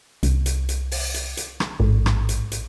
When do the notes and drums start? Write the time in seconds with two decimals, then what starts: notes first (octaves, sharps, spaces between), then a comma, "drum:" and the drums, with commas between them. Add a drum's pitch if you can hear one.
0.23 C2, drum: hi-hat
0.46 drum: hi-hat
0.69 drum: hi-hat
0.91 drum: open hi-hat
1.14 drum: hi-hat
1.37 drum: hi-hat
1.60 drum: rim click
1.80 A1 G#2
2.06 drum: rim click
2.29 drum: hi-hat
2.52 drum: hi-hat